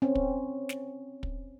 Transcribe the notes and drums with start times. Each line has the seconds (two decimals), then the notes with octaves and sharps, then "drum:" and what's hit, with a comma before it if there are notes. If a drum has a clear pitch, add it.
0.02 C4 C#4
0.15 drum: kick
0.69 drum: snare
1.23 drum: kick